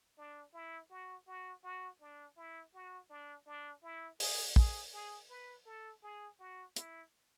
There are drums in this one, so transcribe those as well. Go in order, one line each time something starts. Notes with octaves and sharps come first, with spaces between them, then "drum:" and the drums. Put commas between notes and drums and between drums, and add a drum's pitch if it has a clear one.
D4
E4
F#4
F#4
F#4
D4
E4
F#4
D4
D4
E4
G#4, drum: open hi-hat
G#4, drum: kick
G#4
B4
A4
G#4
F#4
E4, drum: hi-hat